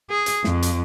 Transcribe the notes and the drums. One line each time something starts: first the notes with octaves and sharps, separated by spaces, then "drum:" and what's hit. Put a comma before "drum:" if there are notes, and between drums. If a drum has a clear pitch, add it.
G#4
drum: hi-hat
F2, drum: snare
drum: hi-hat